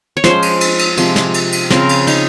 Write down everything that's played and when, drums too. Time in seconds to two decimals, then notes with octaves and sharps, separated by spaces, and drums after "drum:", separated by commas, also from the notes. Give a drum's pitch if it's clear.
0.17 C#5
0.24 F3 G#3 C#4 C5, drum: snare
0.42 drum: cymbal
0.61 drum: cymbal
0.79 drum: cymbal
0.97 C3 F3 G#3 C4, drum: cymbal
1.16 drum: snare
1.34 drum: cymbal
1.52 drum: cymbal
1.70 C#3 F3 C4 A#4, drum: snare
1.89 drum: cymbal
2.07 D#4, drum: cymbal